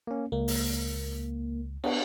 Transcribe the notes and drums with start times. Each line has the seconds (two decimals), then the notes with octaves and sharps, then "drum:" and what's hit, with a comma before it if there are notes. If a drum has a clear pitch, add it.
0.07 A#3 C#4
0.32 C#2 A#3
0.48 drum: open hi-hat
1.84 B3 D4, drum: cymbal